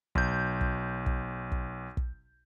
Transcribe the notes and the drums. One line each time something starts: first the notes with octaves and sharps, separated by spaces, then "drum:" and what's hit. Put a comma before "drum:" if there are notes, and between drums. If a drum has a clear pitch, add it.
B1 G6, drum: kick
drum: kick
drum: kick
drum: kick
drum: kick